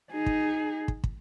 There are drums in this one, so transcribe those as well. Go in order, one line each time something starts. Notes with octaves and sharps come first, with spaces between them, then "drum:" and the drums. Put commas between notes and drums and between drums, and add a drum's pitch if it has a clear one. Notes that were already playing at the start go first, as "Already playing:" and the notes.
D#4 G#4
drum: kick
drum: kick
drum: kick